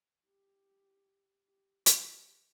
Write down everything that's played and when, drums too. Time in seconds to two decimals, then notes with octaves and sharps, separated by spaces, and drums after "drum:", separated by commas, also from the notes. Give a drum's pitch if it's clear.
0.26 G4
1.46 G4
1.86 G4, drum: hi-hat